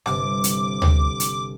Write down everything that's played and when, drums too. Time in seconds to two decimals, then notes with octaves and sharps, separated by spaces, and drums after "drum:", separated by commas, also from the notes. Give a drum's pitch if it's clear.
0.06 G1 C3 D6, drum: rim click
0.44 drum: hi-hat
0.82 drum: tom D2
1.20 drum: hi-hat